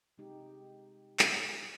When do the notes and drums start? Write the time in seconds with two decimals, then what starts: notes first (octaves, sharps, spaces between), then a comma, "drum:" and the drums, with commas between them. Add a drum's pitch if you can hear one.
0.18 C3 G#3 D#4 G4
1.19 drum: clap